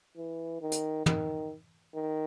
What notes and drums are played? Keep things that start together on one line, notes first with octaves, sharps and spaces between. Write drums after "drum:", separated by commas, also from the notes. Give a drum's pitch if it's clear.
E3
D#3
drum: hi-hat
D#3, drum: tom
D#3